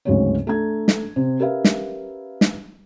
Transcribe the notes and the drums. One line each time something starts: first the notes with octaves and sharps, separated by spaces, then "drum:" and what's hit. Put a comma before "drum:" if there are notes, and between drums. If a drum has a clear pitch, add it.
D2 G#2 C#3 F#3 C4 C#5
A3 D4 A#5 G#6
drum: snare
C3
C#4 G4 A#4 B4 E5 F5
drum: snare
drum: snare